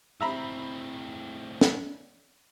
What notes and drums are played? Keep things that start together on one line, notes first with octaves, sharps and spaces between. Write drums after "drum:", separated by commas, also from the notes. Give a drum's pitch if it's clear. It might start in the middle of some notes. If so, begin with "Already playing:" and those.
A2 C4 E5 A#5 B5
drum: snare